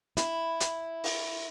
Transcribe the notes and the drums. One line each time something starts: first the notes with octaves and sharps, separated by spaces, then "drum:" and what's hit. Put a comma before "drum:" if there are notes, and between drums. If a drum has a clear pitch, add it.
E4, drum: hi-hat
drum: hi-hat
drum: open hi-hat